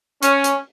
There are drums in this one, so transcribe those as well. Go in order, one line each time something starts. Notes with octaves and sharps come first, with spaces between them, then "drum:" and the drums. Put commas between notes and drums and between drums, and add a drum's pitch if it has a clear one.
C#4, drum: hi-hat
drum: hi-hat